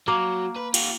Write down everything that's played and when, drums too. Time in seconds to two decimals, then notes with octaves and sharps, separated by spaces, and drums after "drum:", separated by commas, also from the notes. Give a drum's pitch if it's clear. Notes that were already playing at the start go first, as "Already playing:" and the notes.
0.08 F#3 A#3
0.56 B4
0.74 F4 G4, drum: cymbal